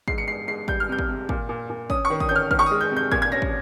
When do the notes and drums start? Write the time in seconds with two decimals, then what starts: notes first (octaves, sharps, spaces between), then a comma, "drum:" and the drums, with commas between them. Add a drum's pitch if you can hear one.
0.08 G#2 C7, drum: kick
0.18 C#7
0.28 G#2 C7
0.47 G#2 C7
0.68 G3 G6, drum: kick
0.80 F6
0.89 C3 G6
0.99 drum: kick
1.09 C3
1.29 A#2, drum: kick
1.49 A#2
1.70 A#2
1.90 C#4 D#6, drum: kick
2.05 C#6
2.10 D#3
2.20 D#6, drum: kick
2.29 C#4 G6
2.36 F6
2.51 D#3 F6, drum: kick
2.59 C#6
2.66 G#3 D#6
2.81 G6
2.91 C3
2.97 G6
3.12 A#2 G#6, drum: kick
3.22 G#6
3.32 C#4 A#6
3.42 drum: kick